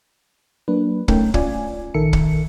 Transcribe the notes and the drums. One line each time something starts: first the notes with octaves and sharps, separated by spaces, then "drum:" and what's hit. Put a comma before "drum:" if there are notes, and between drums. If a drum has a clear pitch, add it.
F#3 A#3 D4 B4
A3 C#4 D#4 A#4 G5, drum: kick
C#4 F4 D5 G#5, drum: kick
A#1 D#3 A4 A#4 E5 C#7
drum: kick